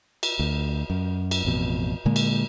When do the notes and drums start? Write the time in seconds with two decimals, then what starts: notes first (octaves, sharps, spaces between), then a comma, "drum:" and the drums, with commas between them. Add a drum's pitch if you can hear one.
0.23 drum: cymbal
0.39 D2
0.90 F#2
1.31 drum: cymbal
1.45 A1 F2 B2
2.05 A#2 D3 G#3 A#3
2.16 drum: cymbal